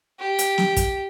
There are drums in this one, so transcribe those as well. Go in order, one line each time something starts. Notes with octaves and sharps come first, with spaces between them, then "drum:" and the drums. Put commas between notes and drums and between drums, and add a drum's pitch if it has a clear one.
G4
drum: hi-hat
drum: snare
drum: kick, hi-hat